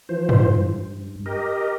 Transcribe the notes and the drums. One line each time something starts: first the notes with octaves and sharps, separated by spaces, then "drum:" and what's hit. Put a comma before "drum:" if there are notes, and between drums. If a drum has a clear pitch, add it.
E3 F3 C5
drum: tom
G2
G4 A#4 D#5